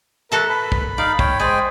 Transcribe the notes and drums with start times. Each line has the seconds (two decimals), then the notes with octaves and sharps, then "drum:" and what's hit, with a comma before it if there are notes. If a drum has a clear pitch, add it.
0.32 F#4 A4 A#4 E5 A5
0.50 B4 B5
0.72 drum: kick
0.98 D#4 D5 F5
1.19 C#5 G5, drum: kick
1.40 G#3 C5 D5 G5 G#5 C6 D#6